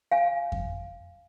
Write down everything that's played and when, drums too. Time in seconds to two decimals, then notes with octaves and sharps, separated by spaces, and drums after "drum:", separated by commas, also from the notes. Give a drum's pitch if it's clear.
0.12 F5 G#5
0.52 drum: kick F2